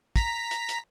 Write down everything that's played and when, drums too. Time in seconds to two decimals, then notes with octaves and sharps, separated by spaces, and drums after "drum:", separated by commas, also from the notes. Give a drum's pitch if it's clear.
0.16 A#5 B6, drum: kick, hi-hat
0.51 drum: hi-hat
0.69 drum: hi-hat